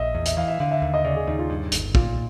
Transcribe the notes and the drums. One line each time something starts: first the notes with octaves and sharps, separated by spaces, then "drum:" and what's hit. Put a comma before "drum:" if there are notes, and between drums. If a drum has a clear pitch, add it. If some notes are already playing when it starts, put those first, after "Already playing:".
Already playing: A#1 D#5 E5
E2
E5, drum: hi-hat
E3 F5
E5
D3 F5
E5
D#2
D#5
C#3 D5
G#4
D#2 D#4
F4
G2
G1, drum: hi-hat
A#2 F4, drum: kick